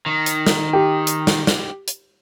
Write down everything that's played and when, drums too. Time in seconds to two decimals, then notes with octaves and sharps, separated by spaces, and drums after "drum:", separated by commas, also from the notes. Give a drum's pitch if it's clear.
0.06 D#3
0.26 drum: hi-hat
0.47 drum: snare
0.73 G4
1.07 drum: hi-hat
1.27 drum: snare
1.47 drum: snare
1.88 drum: hi-hat